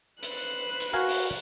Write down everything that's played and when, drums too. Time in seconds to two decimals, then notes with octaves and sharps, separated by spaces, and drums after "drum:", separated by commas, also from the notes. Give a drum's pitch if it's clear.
0.23 B4 C5 F#6, drum: hi-hat
0.80 drum: hi-hat
0.93 F#4 A#4 F5 G#5
1.09 drum: open hi-hat